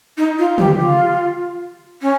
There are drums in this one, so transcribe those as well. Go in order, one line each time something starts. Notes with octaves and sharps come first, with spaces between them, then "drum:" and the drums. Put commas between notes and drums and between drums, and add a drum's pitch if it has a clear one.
D#4
F4
G4, drum: tom
F4
C#4